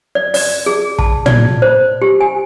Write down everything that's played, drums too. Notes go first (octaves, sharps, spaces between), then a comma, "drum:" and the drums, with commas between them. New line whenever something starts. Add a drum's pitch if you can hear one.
D5
D5, drum: open hi-hat
G#4
A5, drum: kick
D5, drum: tom
C5
G4
G#5